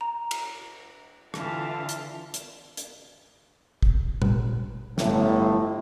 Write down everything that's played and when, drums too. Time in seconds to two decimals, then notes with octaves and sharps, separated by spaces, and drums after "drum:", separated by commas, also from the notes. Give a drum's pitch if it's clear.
0.01 A#5
0.31 drum: cymbal
1.34 D3 E3 F4 F5 A5, drum: rim click
1.89 drum: hi-hat
2.34 drum: hi-hat
2.77 drum: hi-hat
3.83 drum: kick
4.22 drum: tom A#2
4.98 G1 A2, drum: snare